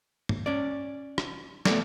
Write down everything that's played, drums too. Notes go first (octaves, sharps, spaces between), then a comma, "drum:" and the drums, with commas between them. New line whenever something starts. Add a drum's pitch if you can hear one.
drum: tom
C#4 D5
drum: rim click
A3 B3 A4 D5, drum: snare